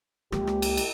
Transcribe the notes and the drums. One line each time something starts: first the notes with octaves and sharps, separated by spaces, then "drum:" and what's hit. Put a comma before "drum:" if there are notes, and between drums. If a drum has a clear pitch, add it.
C#2 A#3 G4, drum: rim click
drum: rim click
drum: cymbal
drum: cymbal